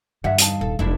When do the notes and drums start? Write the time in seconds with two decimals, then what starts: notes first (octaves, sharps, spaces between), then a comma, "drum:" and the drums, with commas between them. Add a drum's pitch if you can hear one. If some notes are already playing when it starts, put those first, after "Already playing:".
0.24 E2 G2 D3 E5 F#5
0.38 D#4 F5 A5, drum: hi-hat
0.61 D#1 A4
0.79 F1 D4 E4